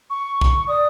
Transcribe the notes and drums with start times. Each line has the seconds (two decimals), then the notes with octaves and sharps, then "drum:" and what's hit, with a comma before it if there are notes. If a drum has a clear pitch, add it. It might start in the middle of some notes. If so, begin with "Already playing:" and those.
0.10 C#6
0.41 drum: kick B1
0.68 D5 D#6